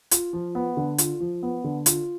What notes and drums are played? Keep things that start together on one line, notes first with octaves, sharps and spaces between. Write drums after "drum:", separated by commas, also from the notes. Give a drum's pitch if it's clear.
F4, drum: hi-hat
F3
B3
D3
F4, drum: hi-hat
F3
B3
D3
F4, drum: hi-hat